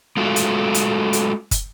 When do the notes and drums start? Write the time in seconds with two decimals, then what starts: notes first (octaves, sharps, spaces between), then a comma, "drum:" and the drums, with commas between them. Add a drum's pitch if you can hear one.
0.17 G#3 A3 F4 F#4
0.36 drum: hi-hat
0.74 drum: hi-hat
1.13 drum: hi-hat
1.51 drum: kick, hi-hat